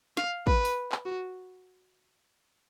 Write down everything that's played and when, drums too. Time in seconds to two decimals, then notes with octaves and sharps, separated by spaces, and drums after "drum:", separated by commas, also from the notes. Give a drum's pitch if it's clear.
0.17 F5, drum: snare
0.47 B4, drum: kick
0.65 drum: open hi-hat
0.92 drum: clap
1.05 F#4